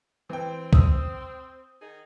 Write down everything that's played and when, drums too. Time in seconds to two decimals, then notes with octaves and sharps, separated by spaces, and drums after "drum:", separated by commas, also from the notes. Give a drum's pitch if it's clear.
0.30 E3 C4 G5
0.73 D#6 E6, drum: kick C2
1.81 D#3 D#4 G#4